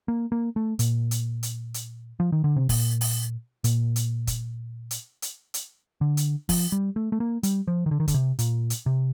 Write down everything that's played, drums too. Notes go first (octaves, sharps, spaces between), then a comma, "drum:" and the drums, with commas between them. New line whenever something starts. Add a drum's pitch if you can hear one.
A#3
A#3
A3
A#2, drum: hi-hat
drum: hi-hat
drum: hi-hat
drum: hi-hat
F3
D#3
D3
C3
A#2, drum: kick, open hi-hat
drum: open hi-hat
A#2, drum: hi-hat
drum: hi-hat
drum: kick, hi-hat
drum: hi-hat
drum: hi-hat
drum: hi-hat
D3
drum: hi-hat
F3, drum: kick, open hi-hat
G3
A3
A3
A#3
G3, drum: hi-hat
F3
D#3
D3
D#3
D3, drum: kick, hi-hat
C3
A#2, drum: hi-hat
drum: hi-hat
C3